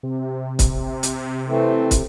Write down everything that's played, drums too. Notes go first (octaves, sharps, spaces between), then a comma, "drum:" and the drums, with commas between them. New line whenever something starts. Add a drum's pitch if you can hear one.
C3
drum: kick, hi-hat
drum: hi-hat
E3 A3 C4
drum: kick, hi-hat